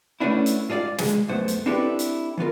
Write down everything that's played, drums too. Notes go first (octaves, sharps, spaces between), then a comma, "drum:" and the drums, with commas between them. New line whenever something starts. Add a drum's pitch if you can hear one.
A3 B3 C#4 D4 E4
drum: hi-hat
G#2 F4 G#4 D5 F5
G#3, drum: snare
C2 F#2 A3 B3 C5
drum: hi-hat
C4 D4 E4 G4 A4 B4
drum: hi-hat
E3 B3 F4 A#4